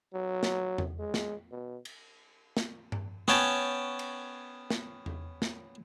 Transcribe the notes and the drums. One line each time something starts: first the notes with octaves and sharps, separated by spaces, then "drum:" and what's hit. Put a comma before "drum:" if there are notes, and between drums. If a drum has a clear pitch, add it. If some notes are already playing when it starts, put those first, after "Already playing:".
F#3
drum: snare
drum: tom E2
G#3
drum: snare
B2
drum: cymbal
drum: snare
drum: tom G2
B3 C#4 C#5 G5 A5, drum: snare
drum: cymbal
drum: snare
drum: tom E2
drum: snare